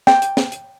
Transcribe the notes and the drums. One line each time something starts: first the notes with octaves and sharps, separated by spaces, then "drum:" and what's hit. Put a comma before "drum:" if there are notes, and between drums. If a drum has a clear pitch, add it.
G5, drum: snare
drum: hi-hat
drum: snare
drum: hi-hat